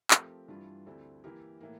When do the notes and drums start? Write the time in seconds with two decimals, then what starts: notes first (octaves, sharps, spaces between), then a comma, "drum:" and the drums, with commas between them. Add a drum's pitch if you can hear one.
0.11 F3 A3 C4 G4 A#4, drum: clap
0.48 G2 E3 G3 D4 F4
0.86 D2 D3 G3 C4 E4
1.24 E3 A#3 E4 G4 A#4
1.61 A2 E3 A#3